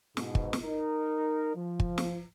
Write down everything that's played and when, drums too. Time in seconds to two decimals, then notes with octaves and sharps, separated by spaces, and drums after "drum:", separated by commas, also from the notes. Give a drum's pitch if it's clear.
0.17 G#2 B2, drum: snare
0.35 drum: kick
0.53 drum: snare
0.63 D#4 A#4
1.56 F3
1.80 drum: kick
1.98 drum: snare